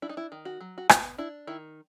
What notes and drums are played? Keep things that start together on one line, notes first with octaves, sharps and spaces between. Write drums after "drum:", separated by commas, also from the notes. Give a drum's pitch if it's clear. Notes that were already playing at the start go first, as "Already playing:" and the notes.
D4 E4
D#4
E4
D#3
F#4
F#3
F#4
B3 F4, drum: rim click
D4 E4
D#3 E4